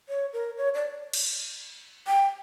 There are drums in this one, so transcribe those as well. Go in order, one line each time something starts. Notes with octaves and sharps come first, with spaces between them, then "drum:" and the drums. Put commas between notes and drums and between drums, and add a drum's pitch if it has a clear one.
C#5
A#4
C#5
D5
drum: cymbal
G5